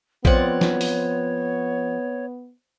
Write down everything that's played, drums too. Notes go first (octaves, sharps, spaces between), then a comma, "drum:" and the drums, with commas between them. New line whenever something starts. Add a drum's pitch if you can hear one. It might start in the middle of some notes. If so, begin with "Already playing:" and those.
F3 B3 C4 C#5 D5 F#5, drum: kick A#1
drum: snare
drum: open hi-hat